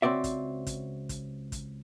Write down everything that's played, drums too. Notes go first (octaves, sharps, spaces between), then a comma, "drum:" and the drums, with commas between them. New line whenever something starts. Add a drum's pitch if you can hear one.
C#2 C4 F#4 D5 E5
drum: kick, hi-hat
drum: kick, hi-hat
drum: kick, hi-hat
drum: kick, hi-hat